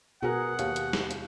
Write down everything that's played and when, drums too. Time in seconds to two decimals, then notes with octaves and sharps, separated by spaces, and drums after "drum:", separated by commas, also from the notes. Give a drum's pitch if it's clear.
0.23 B2 B3 F#4 G#4 A#4 F#5
0.59 D#2 F5, drum: hi-hat
0.76 drum: hi-hat
0.93 drum: snare
1.11 drum: hi-hat